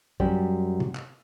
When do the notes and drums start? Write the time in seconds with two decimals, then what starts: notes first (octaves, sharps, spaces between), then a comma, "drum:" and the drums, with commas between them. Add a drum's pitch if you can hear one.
0.20 F#2 G3, drum: kick
0.80 drum: tom
0.95 drum: clap